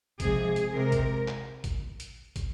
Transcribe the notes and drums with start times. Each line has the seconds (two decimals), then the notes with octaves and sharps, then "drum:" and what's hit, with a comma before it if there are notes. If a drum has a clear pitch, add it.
0.20 C3 F3 G#3 G#4, drum: kick, hi-hat
0.56 drum: hi-hat
0.74 C3 G#3 A#4
0.92 drum: kick, hi-hat
1.28 drum: clap
1.64 drum: kick, hi-hat
2.00 drum: hi-hat
2.36 drum: kick, hi-hat